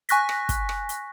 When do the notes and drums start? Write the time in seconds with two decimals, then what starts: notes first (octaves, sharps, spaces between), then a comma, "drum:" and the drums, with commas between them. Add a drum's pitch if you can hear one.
0.09 G#5 C#6 F#6 A#6 B6, drum: hi-hat
0.29 drum: rim click
0.49 drum: kick, hi-hat
0.69 drum: rim click
0.89 drum: hi-hat